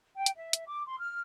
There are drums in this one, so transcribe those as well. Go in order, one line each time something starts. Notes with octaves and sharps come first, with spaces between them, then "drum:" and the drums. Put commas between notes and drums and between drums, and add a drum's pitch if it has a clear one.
G5
drum: hi-hat
E5
drum: hi-hat
D6
C6
F6